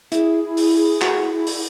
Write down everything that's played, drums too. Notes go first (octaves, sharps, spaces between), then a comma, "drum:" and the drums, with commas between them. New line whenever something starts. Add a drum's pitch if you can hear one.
E4 G#4, drum: hi-hat
E4
drum: open hi-hat
G#4
E4 F#4, drum: clap
E4
drum: open hi-hat